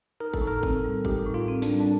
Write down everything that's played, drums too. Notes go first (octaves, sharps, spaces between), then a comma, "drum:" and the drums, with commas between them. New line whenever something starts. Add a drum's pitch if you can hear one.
D#4 A#4
A4, drum: kick G1
A2
A#4
C4, drum: kick G1
G3
D#4 G4, drum: kick G1
A2
F4
C4
D4, drum: snare
G3
D4